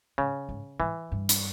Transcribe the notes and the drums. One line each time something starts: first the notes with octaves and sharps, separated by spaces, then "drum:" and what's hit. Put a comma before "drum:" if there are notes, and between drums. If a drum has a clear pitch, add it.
G#2 C#3
G#2
G#2 E3
G2
drum: hi-hat